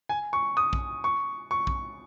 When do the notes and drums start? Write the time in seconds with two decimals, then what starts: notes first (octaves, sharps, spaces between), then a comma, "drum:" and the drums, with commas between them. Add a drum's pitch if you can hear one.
0.09 G#5
0.33 C#6
0.57 D#6
0.73 drum: kick A#1
1.04 C#6
1.51 C#6
1.67 drum: kick A#1